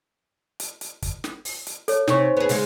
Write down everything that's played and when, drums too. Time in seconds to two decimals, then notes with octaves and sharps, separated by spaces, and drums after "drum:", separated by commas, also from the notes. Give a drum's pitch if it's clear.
0.60 drum: hi-hat
0.81 drum: hi-hat
1.02 drum: kick, hi-hat
1.24 drum: snare
1.45 drum: open hi-hat
1.67 drum: hi-hat
1.88 A4 C#5, drum: hi-hat
2.08 C3 D#4 C#5 C#6, drum: snare
2.37 B3 G#4
2.49 C#3 G#3, drum: open hi-hat